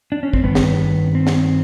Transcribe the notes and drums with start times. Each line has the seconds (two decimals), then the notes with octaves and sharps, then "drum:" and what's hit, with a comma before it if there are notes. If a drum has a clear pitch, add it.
0.12 D4
0.23 C#4
0.33 C4, drum: kick
0.43 G2 D#3 B3
0.55 drum: snare
1.15 C4
1.27 drum: snare